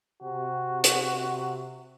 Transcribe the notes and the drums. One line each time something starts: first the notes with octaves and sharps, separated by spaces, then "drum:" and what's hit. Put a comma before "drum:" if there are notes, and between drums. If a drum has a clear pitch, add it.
C3 F#4
drum: hi-hat